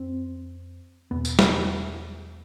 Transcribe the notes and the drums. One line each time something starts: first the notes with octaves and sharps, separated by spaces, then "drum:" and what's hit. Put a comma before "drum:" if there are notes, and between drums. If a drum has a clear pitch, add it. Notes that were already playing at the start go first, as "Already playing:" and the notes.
Already playing: F2 C4
E2 B2 B3
drum: tambourine
drum: snare